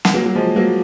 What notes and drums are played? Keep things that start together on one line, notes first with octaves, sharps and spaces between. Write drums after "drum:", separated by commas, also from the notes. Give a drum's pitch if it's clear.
drum: snare
F#3 A#3
F#3
F3 G#3
F#3 A#3